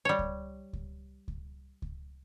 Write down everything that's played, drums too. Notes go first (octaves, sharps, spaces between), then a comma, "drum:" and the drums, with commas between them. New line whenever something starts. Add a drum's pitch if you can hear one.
G3 C#5
drum: kick C#2
drum: kick C#2
drum: kick C#2
drum: kick C#2